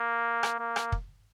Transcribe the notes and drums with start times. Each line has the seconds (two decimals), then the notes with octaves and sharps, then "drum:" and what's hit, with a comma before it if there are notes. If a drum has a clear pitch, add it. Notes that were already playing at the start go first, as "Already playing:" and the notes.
Already playing: A#3
0.43 drum: rim click
0.59 A#3
0.76 drum: rim click
0.92 drum: kick